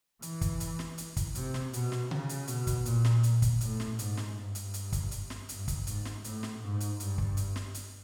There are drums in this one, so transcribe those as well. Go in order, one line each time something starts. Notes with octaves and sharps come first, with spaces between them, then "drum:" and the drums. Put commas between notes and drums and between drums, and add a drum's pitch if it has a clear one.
E3, drum: hi-hat
drum: kick, hi-hat
drum: hi-hat
drum: snare
drum: hi-hat
drum: kick, hi-hat
C3, drum: hi-hat
drum: snare
B2, drum: hi-hat
drum: snare
C#3, drum: tom C3
drum: hi-hat
B2, drum: hi-hat
drum: kick, hi-hat
A#2, drum: hi-hat
drum: snare
drum: hi-hat
drum: kick, hi-hat
A2, drum: hi-hat
drum: snare
G#2, drum: hi-hat
drum: snare
G2
drum: hi-hat
drum: hi-hat
drum: kick, hi-hat
drum: hi-hat
drum: snare
G2, drum: hi-hat
drum: kick, hi-hat
G#2, drum: hi-hat
drum: snare
A2, drum: hi-hat
drum: snare
G#2
drum: hi-hat
G2, drum: hi-hat
drum: kick
drum: hi-hat
drum: snare
drum: hi-hat